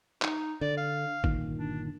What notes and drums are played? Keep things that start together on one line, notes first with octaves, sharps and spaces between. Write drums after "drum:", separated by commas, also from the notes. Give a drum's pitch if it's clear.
D#4, drum: clap
D3 D5
F5
G1 A#2 D#3, drum: kick
D4